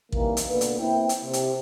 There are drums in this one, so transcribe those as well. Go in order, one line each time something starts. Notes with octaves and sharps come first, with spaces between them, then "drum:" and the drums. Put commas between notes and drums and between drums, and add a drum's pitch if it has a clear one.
F2 D#3 E3 G3 A#3, drum: kick
drum: hi-hat
B2 D3 A#3 B4
drum: hi-hat
A#3 C4 E4 G5
drum: hi-hat
C3
drum: hi-hat